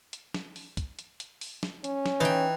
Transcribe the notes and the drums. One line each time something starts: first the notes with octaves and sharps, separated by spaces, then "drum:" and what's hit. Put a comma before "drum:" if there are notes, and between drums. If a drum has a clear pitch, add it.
drum: hi-hat
drum: snare
drum: open hi-hat
drum: kick, hi-hat
drum: hi-hat
drum: hi-hat
drum: open hi-hat
drum: snare
C#4, drum: hi-hat
drum: snare
E3 D#4 G5